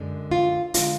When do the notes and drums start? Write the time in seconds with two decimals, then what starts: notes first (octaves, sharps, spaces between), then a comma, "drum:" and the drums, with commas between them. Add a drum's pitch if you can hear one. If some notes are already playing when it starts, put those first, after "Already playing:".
Already playing: F#2 D3 G#3
0.31 F4
0.74 D3 G#3 F4, drum: hi-hat